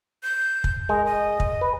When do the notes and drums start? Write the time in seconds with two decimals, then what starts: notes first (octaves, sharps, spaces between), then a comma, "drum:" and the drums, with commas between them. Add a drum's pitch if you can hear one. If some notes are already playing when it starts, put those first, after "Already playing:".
0.23 G6
0.64 drum: kick
0.89 G#3 A#4
1.06 D#5
1.40 drum: kick
1.61 B4